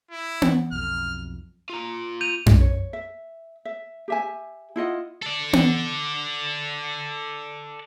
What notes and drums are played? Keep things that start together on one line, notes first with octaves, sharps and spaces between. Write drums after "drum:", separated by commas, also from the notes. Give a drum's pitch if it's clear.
E4
drum: tom B3
B1 F2 F6
F4 A#5
G6 D#7 F7
drum: tom F#2
C#5
E5
E5
G4 E5 G#5
E4 F4 D#5 F#5
A4 D5
drum: tom B3